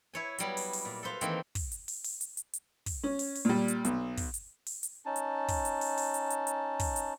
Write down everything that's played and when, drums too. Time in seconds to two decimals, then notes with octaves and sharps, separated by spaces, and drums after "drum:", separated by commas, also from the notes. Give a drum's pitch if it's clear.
0.14 E4 C#5 G#5
0.38 F#3 G3 B3, drum: hi-hat
0.57 drum: open hi-hat
0.73 drum: open hi-hat
0.85 A#2
1.03 A4 B4 C5 F5
1.21 D#3 E3 A3 A#3 C4, drum: hi-hat
1.55 drum: kick, open hi-hat
1.72 drum: hi-hat
1.88 drum: open hi-hat
2.04 drum: open hi-hat
2.21 drum: hi-hat
2.37 drum: hi-hat
2.53 drum: hi-hat
2.86 drum: kick, open hi-hat
3.03 C#4
3.19 drum: open hi-hat
3.35 drum: open hi-hat
3.45 A#2 G3
3.68 drum: hi-hat
3.85 B1, drum: hi-hat
4.17 drum: kick, open hi-hat
4.34 drum: hi-hat
4.66 drum: open hi-hat
4.83 drum: hi-hat
5.05 C#4 D#4 A5
5.16 drum: hi-hat
5.48 drum: kick, open hi-hat
5.65 drum: hi-hat
5.81 drum: open hi-hat
5.98 drum: open hi-hat
6.14 drum: hi-hat
6.30 drum: hi-hat
6.47 drum: hi-hat
6.80 drum: kick, open hi-hat
6.96 drum: hi-hat